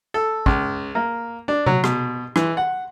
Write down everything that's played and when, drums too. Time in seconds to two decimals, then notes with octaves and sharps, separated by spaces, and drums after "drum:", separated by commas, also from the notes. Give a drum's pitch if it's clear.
0.14 A4
0.46 C#2, drum: kick
0.95 A#3
1.48 D4
1.66 F#3, drum: tom C3
1.84 B2, drum: rim click
2.36 E3, drum: rim click
2.57 F#5